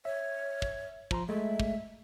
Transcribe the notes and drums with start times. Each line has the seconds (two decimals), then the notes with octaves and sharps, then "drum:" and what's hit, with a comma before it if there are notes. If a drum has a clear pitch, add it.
0.05 C#5 E5
0.62 drum: kick
1.11 F3 A#5 C6, drum: kick
1.29 G#3 A3 E5
1.60 drum: kick